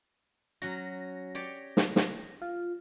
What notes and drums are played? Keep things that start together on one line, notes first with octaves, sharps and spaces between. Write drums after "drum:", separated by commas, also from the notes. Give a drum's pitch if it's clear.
F#3 C#4 F#4 A#6
G4 C#5 D5
drum: snare
drum: snare
F4